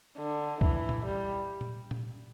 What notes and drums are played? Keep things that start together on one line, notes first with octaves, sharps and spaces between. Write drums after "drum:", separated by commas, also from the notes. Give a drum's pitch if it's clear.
D3
E3, drum: kick
drum: tom A#2
G3
drum: tom A#2
drum: tom A#2